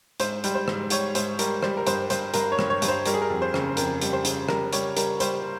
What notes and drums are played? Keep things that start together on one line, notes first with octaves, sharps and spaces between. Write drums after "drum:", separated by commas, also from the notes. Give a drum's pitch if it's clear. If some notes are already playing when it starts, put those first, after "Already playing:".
G#2 C5, drum: hi-hat
G3, drum: hi-hat
C5
G#2, drum: rim click
G3 C#5, drum: hi-hat
G#2 C5, drum: hi-hat
G3 A#4, drum: hi-hat
G3 C5, drum: rim click
A#4
G2 C5, drum: hi-hat
G2 C5, drum: hi-hat
G2 A#4, drum: hi-hat
C#5
G2, drum: rim click
C#5
G2, drum: hi-hat
C5
G3 A#4, drum: hi-hat
G#4
A#4
F2
C5
C#3, drum: rim click
F2 A#4, drum: hi-hat
G3, drum: hi-hat
C5
C#3, drum: hi-hat
G3 A#4, drum: rim click
G3 C#5, drum: hi-hat
G3 A#4, drum: hi-hat
G3 C5, drum: hi-hat